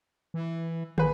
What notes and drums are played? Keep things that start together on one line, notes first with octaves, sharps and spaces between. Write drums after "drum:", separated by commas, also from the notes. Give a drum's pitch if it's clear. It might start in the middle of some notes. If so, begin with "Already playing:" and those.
E3
A#1 G#4 B4, drum: tom